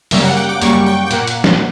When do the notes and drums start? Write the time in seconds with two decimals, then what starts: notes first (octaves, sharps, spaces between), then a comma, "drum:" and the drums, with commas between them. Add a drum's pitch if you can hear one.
0.11 F#2 C#3 G3 A#3 E5, drum: open hi-hat
0.24 F#5
0.36 G5
0.49 D6
0.61 F#2 C#3 G3 A#3 C#6, drum: hi-hat
0.86 G5
1.06 G5
1.11 A#2 A#3 F#5, drum: hi-hat
1.27 drum: hi-hat
1.44 drum: snare